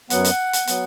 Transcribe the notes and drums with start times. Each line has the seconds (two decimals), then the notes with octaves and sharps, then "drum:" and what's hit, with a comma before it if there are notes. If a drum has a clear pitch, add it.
0.10 F#2 F#3 B3 F#5, drum: hi-hat
0.24 drum: hi-hat
0.53 drum: hi-hat
0.67 F#3 B3, drum: hi-hat